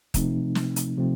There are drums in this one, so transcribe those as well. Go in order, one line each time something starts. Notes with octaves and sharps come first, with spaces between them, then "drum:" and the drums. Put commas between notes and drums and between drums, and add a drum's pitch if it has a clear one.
C3 F3 A3 C4 D#4, drum: kick, hi-hat
drum: snare
drum: hi-hat
C3 F3 A3 C4